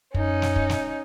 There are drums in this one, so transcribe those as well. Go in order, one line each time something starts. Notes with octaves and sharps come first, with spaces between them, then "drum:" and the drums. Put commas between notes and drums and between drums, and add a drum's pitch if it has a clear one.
F#2 C#4 D#4, drum: kick
drum: snare
drum: kick
drum: snare